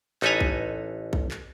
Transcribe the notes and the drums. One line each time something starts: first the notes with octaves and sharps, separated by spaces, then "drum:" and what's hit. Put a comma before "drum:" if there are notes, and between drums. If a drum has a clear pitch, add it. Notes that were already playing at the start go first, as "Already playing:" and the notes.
A1 D#4 A4 B4 G#5 A#5, drum: clap
drum: kick A#1
drum: kick A#1
drum: clap